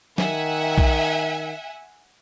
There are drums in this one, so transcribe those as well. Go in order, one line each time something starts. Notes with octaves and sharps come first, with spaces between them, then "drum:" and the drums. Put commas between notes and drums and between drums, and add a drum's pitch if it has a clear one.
D#3 E5 F#5 G#5, drum: snare
drum: kick A#1